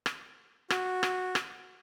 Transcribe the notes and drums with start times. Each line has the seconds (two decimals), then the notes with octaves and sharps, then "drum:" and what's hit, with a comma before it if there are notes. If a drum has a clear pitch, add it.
0.06 drum: rim click
0.70 F#4, drum: rim click
1.03 drum: rim click
1.35 drum: rim click